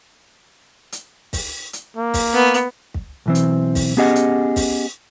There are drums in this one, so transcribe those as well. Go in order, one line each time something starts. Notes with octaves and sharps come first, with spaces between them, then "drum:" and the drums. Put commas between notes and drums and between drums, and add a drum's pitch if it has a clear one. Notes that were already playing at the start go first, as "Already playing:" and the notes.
drum: hi-hat
drum: kick, open hi-hat
drum: hi-hat
A#3
drum: kick, open hi-hat
B3
drum: hi-hat
drum: kick
B1 E3 C4
drum: hi-hat
drum: kick, open hi-hat
B3 C#4 G4 G#4 D#5 F#5
drum: hi-hat
drum: kick, open hi-hat